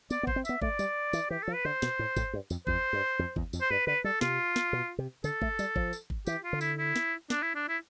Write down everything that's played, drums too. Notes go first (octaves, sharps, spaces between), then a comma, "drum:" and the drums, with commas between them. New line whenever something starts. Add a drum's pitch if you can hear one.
B3 D5, drum: tambourine
B3
C5, drum: kick
C4
B3 E5, drum: tambourine
A3 D5, drum: kick
G3, drum: tambourine
E3, drum: tambourine
E3 G4
F3 A4
B4
D3 C5
B2, drum: snare
A2
A2, drum: kick, tambourine
G2
F2, drum: tambourine
F2 C5, drum: kick
G2
F2
E2, drum: kick
F2, drum: tambourine
C5
G2 B4
D3 B4
G3 A4
C3 F4, drum: snare
drum: snare
B2
C3
D3 A4, drum: tambourine
A3, drum: kick
G3, drum: tambourine
F3, drum: kick
drum: tambourine
drum: kick
E3 G4, drum: tambourine
F4
D3
E4, drum: tambourine
E4
drum: snare
D4, drum: snare
E4
D4
E4